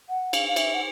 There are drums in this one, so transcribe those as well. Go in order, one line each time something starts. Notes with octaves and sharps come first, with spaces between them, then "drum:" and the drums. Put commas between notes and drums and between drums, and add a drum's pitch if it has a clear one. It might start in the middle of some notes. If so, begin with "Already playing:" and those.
F#5
F5, drum: cymbal
F5
E5, drum: cymbal
F#5